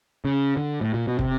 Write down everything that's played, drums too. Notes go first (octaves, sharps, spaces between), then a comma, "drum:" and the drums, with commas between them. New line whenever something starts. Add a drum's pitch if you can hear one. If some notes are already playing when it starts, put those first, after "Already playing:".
C#3
D3
A2
A#2
B2
C3, drum: kick